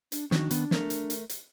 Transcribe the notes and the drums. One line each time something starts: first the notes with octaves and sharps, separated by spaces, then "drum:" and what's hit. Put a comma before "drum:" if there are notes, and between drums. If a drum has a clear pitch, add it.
D4, drum: hi-hat
D#3 D4 D#4 F#4, drum: snare
D#3 B3 D4, drum: hi-hat
A3 A#4, drum: snare
drum: hi-hat
drum: hi-hat
drum: hi-hat